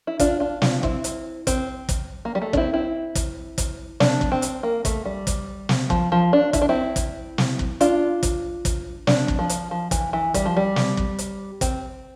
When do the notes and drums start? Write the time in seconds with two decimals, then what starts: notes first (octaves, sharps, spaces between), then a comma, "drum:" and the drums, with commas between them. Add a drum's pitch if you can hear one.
0.07 E4
0.20 D4 F4, drum: kick, hi-hat
0.40 D4 F4
0.62 D4 F4, drum: snare
0.83 C4 E4, drum: kick
1.04 drum: hi-hat
1.47 C4, drum: kick, hi-hat
1.89 drum: kick, hi-hat
2.25 A#3
2.35 G3
2.42 A3
2.53 D4, drum: kick
2.57 C4 E4
2.73 C4 E4
3.15 drum: kick, hi-hat
3.58 drum: kick, hi-hat
4.00 D4, drum: snare
4.21 drum: kick
4.32 C4
4.42 drum: hi-hat
4.63 A#3
4.85 A3, drum: kick, hi-hat
5.05 G3
5.27 drum: kick, hi-hat
5.69 drum: snare
5.90 F3, drum: kick
6.12 F3
6.33 D4
6.53 E4, drum: kick, hi-hat
6.62 D4
6.69 C4 E4
6.96 drum: kick, hi-hat
7.38 drum: snare
7.59 drum: kick
7.81 D4 F4, drum: hi-hat
8.23 drum: kick, hi-hat
8.65 drum: kick, hi-hat
9.07 D4, drum: snare
9.28 drum: kick
9.39 F3
9.49 drum: hi-hat
9.71 F3
9.91 E3, drum: kick, hi-hat
10.13 E3
10.34 G3, drum: kick, hi-hat
10.46 F3
10.57 G3
10.76 drum: snare
10.97 drum: kick
11.18 drum: hi-hat
11.61 C4, drum: kick, hi-hat